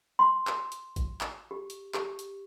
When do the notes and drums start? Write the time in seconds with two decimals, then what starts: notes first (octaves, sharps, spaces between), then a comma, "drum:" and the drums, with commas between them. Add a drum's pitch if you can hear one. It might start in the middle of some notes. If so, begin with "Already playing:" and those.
0.19 C6
0.47 drum: clap
0.72 drum: hi-hat
0.96 drum: kick A1, hi-hat
1.21 drum: clap
1.51 G4
1.70 drum: hi-hat
1.94 G4, drum: clap
2.19 drum: hi-hat